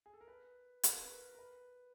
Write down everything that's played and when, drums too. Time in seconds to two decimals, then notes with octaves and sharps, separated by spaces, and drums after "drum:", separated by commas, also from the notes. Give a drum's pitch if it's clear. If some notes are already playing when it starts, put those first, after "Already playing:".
0.06 G#4
0.13 A4
0.21 A#4
0.28 B4
0.83 B4, drum: hi-hat
0.91 A#4
0.98 B4
1.10 A#4
1.35 A#4
1.39 B4